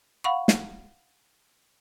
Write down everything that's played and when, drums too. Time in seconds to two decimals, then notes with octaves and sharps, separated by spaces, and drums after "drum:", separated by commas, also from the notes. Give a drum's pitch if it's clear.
0.24 F5 F#5 B5 C#6
0.48 drum: snare